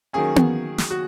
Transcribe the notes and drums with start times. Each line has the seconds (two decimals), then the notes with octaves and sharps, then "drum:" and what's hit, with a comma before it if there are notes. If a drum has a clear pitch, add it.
0.13 D#3 F#3 A#3 C#4 G#4
0.36 drum: tom B3
0.78 drum: snare
0.90 F#4